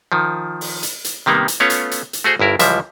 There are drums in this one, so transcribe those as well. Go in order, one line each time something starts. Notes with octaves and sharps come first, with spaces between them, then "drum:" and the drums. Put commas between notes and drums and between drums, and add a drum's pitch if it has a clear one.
D#3 F3
drum: open hi-hat
drum: hi-hat
drum: hi-hat
C3 D#3 G3 A#3 B3
drum: hi-hat
A3 B3 C#4 F4 C#5
drum: hi-hat
drum: hi-hat
drum: hi-hat
A3 F#4 G#4 C5
G1 G2 E4 A#4
C#2 E3 F3 G3 E5, drum: hi-hat